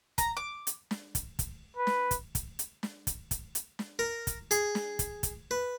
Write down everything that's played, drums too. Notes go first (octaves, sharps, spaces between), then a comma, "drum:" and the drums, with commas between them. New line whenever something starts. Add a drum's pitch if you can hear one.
A#5, drum: kick, hi-hat
D6
drum: hi-hat
drum: snare
drum: kick, hi-hat
drum: kick, hi-hat
B4
drum: snare
drum: kick, hi-hat
drum: kick, hi-hat
drum: hi-hat
drum: snare
drum: kick, hi-hat
drum: kick, hi-hat
drum: hi-hat
drum: snare
A#4
drum: kick, hi-hat
G#4, drum: hi-hat
drum: snare
drum: kick, hi-hat
drum: kick, hi-hat
B4